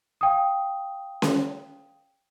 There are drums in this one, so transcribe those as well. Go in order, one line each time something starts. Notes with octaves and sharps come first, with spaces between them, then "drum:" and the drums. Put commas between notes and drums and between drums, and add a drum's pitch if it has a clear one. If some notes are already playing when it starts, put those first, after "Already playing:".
F5 G5 D#6
drum: snare C#4